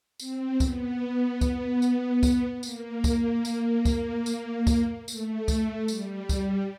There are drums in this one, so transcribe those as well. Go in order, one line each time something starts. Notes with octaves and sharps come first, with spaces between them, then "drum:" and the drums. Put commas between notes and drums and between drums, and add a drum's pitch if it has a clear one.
C4, drum: tambourine
B3, drum: kick, tambourine
drum: kick, tambourine
drum: tambourine
drum: kick, tambourine
A#3, drum: tambourine
drum: kick, tambourine
drum: tambourine
drum: kick, tambourine
drum: tambourine
drum: kick, tambourine
A3, drum: tambourine
drum: kick, tambourine
G3, drum: tambourine
drum: kick, tambourine